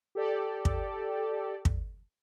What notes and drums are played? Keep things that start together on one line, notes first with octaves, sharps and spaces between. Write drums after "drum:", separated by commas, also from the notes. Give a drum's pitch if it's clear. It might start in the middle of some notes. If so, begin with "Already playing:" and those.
G4 A4 D5
drum: kick
drum: kick